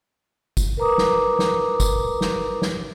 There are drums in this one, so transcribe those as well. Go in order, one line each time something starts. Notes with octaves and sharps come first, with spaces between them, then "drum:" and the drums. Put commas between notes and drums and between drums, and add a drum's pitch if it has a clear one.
drum: kick G1, tambourine
A#4 B4 A#5 D6 D#6
drum: snare
drum: snare
drum: kick G1, tambourine
drum: snare
drum: snare